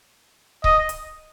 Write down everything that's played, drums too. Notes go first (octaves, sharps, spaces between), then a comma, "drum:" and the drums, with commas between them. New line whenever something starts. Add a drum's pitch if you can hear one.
D#5, drum: kick C#1
drum: hi-hat